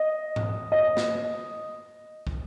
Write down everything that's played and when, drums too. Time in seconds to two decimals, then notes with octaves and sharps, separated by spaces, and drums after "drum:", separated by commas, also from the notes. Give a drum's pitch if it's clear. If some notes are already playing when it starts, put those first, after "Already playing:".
Already playing: D#5
0.36 drum: tom G#2
0.72 D#5
0.97 drum: snare
2.27 drum: kick